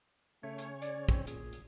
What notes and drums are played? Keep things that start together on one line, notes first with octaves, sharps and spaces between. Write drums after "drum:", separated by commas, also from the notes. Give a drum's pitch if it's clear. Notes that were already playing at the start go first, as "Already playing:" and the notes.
C#3 A3 C#4 C#5
drum: hi-hat
D5, drum: hi-hat
C4, drum: kick, hi-hat
A#2 G#4, drum: hi-hat
drum: hi-hat